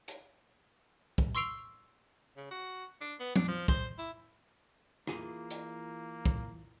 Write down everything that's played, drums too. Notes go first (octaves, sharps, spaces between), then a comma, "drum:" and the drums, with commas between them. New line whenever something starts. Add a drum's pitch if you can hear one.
drum: hi-hat
drum: kick
C6 C#6 E6 C7 D7 F7
C#3
F#4
D4
B3
D4, drum: tom F3
F3
C5, drum: kick
E4
E3 A#3 F4 G#4, drum: rim click
drum: hi-hat
drum: kick